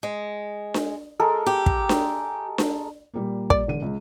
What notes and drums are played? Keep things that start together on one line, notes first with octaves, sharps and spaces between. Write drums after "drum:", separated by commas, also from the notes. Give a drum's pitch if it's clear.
G#3
drum: snare D4
G#3 A4 A#4
G4
drum: kick
drum: snare D4
drum: snare D4
A#2 G3 A#3
D5, drum: kick
E1 D3 D#7
C#2